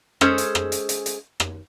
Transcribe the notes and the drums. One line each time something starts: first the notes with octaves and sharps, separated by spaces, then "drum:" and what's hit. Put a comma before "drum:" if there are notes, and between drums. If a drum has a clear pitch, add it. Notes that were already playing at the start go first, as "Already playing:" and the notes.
G#3 C#4 G#4 A4 C5, drum: rim click
drum: hi-hat
drum: rim click
drum: hi-hat
drum: hi-hat
drum: hi-hat
drum: rim click